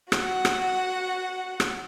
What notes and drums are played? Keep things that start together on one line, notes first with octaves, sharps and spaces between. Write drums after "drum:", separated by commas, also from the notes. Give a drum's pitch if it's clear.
F#4 F#5, drum: rim click
drum: rim click
drum: rim click